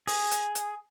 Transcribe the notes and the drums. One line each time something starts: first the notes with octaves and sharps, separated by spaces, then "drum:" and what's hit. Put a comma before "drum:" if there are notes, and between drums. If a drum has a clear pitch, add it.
G#4, drum: open hi-hat
drum: hi-hat
drum: hi-hat